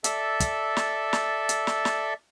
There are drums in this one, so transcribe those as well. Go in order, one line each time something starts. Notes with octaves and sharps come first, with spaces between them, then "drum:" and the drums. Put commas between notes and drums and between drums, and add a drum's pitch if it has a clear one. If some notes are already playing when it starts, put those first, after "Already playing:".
A4 D5 E5, drum: hi-hat
drum: kick, hi-hat
drum: snare
drum: snare
drum: hi-hat
drum: snare
drum: snare